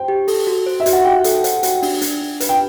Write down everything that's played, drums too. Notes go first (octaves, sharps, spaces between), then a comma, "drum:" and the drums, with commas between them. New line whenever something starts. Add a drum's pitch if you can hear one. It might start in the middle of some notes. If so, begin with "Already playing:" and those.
Already playing: C5 G5
G4
A4, drum: open hi-hat
F#4
C5
E5
F#4, drum: hi-hat
F#5
F#4 G5
A4, drum: hi-hat
C5, drum: hi-hat
F#4, drum: hi-hat
D4, drum: open hi-hat
D4, drum: hi-hat
D4
B4, drum: hi-hat
G5